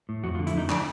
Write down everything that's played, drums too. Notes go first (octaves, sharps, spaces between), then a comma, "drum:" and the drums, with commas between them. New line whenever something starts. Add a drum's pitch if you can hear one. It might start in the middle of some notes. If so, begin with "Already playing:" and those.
A2
F2 F#4
F4
D3
E4, drum: hi-hat
F2 D#4
D4, drum: clap